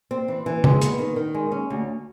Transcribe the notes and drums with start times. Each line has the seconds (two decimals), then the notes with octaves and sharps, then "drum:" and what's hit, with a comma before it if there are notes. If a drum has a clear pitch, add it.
0.11 C4
0.28 E3
0.46 E3
0.64 G#3, drum: tom C#3
0.82 B3, drum: hi-hat
0.99 D#3
1.16 D#3
1.35 G#3
1.52 C#4
1.70 D2